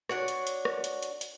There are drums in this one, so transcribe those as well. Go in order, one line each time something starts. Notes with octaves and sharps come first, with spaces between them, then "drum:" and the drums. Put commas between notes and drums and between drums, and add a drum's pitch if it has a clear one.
D4 F#4 C#5, drum: rim click
drum: hi-hat
drum: hi-hat
drum: rim click
drum: hi-hat
drum: hi-hat
drum: hi-hat